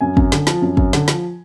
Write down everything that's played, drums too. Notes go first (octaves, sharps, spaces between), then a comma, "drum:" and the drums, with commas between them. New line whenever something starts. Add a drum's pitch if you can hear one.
F#2 G#5
F#2, drum: kick
D3, drum: snare
F3, drum: snare
F#2
F#2, drum: kick
D3, drum: snare
F3, drum: snare